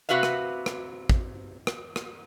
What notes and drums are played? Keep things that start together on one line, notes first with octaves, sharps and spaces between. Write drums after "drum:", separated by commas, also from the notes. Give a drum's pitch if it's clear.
C3 F#4 B4 E5 F5
drum: rim click
drum: rim click
drum: kick
drum: rim click
drum: rim click